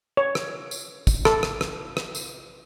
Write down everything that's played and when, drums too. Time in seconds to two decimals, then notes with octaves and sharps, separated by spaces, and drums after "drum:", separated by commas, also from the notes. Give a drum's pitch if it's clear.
0.17 C#5
0.35 drum: rim click
0.71 drum: tambourine
1.07 drum: kick, tambourine
1.25 A4, drum: rim click
1.43 drum: rim click
1.61 drum: rim click
1.97 drum: rim click
2.15 drum: tambourine